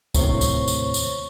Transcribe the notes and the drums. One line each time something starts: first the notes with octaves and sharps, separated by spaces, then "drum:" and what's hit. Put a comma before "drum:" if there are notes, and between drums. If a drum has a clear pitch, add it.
D#2 A2 C3 C5 C#5 C#6, drum: kick C#2, tambourine
drum: tambourine
drum: tambourine
drum: tambourine